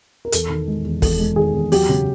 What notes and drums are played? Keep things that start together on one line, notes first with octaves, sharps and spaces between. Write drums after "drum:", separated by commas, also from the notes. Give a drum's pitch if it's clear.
A#4
E2 A4, drum: hi-hat
D#3
G#3
E2
E2 A4, drum: kick, open hi-hat
G#3
D#3 G#4
E2
F#3 G4, drum: open hi-hat
C#3